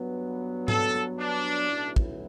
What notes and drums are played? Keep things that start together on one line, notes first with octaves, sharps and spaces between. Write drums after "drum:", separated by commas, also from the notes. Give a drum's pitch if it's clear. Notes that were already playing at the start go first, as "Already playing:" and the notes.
Already playing: G2 F#3 B3
A4, drum: tom G#2
D4
B1 A2 F#3 C#4 E4
drum: kick